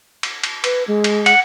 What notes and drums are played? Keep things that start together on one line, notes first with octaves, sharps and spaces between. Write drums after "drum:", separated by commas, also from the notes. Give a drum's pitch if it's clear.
drum: cymbal
drum: cymbal
B4, drum: cymbal
G#3
drum: cymbal
F#5, drum: cymbal